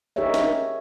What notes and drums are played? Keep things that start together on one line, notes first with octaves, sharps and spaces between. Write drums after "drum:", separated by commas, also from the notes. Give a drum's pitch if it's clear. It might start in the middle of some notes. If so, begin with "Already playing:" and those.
D#4 G4 G#4 A#4 C#5 E5
drum: snare